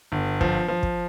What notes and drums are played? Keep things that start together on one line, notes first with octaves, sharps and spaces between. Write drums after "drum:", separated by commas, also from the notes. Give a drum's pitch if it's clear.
G1
F3, drum: kick
F3
drum: kick